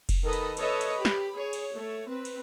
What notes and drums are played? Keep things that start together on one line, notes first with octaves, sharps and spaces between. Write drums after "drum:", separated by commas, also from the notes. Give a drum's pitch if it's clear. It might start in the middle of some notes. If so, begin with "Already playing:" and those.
drum: kick F1, cymbal
D#3 A4 B4 D#5 B5
drum: cymbal
A4 B4 C#5 D#5 E5, drum: cymbal
drum: cymbal
G4 B5
drum: snare
G#4 C#5
drum: cymbal
A3 C#5
C4 B4
drum: cymbal